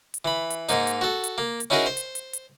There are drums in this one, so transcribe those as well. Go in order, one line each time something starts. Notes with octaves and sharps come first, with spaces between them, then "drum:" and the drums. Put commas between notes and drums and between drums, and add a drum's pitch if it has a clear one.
drum: hi-hat
E3 B5
drum: hi-hat
G#2 A#3 D#4, drum: hi-hat
drum: hi-hat
F#4 A4
drum: hi-hat
A#3
drum: hi-hat
C#4 D#4 E4 F#4 G#4 A#4
C5
drum: hi-hat
drum: hi-hat
drum: hi-hat